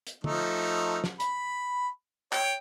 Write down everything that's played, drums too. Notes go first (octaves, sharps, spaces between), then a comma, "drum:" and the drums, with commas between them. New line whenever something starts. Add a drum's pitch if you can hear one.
drum: hi-hat
F3 A3 D#4, drum: tom
drum: snare
B5, drum: hi-hat
C#5 G5, drum: clap